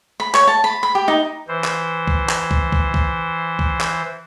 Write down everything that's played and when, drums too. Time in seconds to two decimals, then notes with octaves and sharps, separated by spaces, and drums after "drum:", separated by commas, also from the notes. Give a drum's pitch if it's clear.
0.20 B5
0.34 C#5, drum: clap
0.48 A5
0.64 B5
0.83 B5
0.95 G4
1.08 D#4
1.48 E3 C5
1.64 drum: clap
2.07 drum: kick
2.29 drum: clap
2.51 drum: kick
2.72 drum: kick
2.94 drum: kick
3.59 drum: kick
3.81 drum: clap